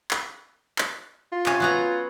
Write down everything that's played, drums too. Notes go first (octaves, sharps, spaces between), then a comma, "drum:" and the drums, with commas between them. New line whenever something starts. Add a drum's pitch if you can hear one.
drum: clap
drum: clap
F4
C3 C#4, drum: clap
F#3 B3 A#5